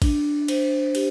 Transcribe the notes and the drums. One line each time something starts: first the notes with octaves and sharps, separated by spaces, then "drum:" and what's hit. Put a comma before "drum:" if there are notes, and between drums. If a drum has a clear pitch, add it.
D4, drum: kick, cymbal
C5, drum: cymbal
G4, drum: cymbal